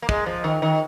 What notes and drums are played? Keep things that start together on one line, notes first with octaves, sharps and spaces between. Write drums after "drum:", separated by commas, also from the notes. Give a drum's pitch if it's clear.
A#3
G#3, drum: kick
F3
D#3
D#3